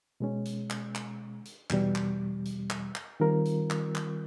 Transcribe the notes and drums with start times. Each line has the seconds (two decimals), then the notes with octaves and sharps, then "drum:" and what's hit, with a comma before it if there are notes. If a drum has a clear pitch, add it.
0.20 B2 G#3 C#4
0.45 drum: hi-hat
0.70 drum: clap
0.95 drum: clap
1.45 drum: hi-hat
1.70 E2 B2 G3, drum: clap
1.95 drum: clap
2.45 drum: hi-hat
2.70 drum: clap
2.95 drum: clap
3.20 D#3 G3 C4 F4 A#4
3.45 drum: hi-hat
3.70 drum: clap
3.95 drum: clap